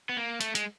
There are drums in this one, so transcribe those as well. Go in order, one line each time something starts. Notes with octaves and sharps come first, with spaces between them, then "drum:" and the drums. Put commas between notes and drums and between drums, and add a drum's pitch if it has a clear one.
B3
A#3
A3, drum: hi-hat
G#3, drum: hi-hat